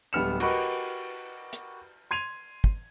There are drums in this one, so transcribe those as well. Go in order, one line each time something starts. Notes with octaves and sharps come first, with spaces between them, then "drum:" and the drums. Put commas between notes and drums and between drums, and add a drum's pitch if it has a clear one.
D1 G3 B3 F6 C#7 E7
F#4 G4 A#4 B4 D#5 C#6, drum: cymbal
drum: hi-hat
C6 G#6 D#7 F7
drum: kick